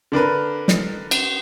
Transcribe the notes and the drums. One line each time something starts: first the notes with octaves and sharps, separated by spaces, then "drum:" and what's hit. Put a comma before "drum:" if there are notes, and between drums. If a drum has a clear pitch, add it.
D3 D4 A#4 B4
drum: snare
drum: cymbal